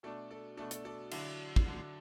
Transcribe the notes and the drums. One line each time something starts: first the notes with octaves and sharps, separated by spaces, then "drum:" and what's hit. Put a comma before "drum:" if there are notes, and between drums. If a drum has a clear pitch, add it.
B2 A3 D4 A4 D5
A4 D5
B2 A3 D4 A4 D5
A4 D5, drum: hi-hat
A4 D5
D3 F#3 D4 E4, drum: cymbal
drum: kick
D3 F#3 D4